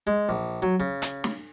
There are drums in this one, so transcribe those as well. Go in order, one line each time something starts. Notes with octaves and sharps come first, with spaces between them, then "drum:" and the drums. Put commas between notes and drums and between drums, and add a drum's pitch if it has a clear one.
G#3
A#1
F#3
C#3
drum: hi-hat
drum: snare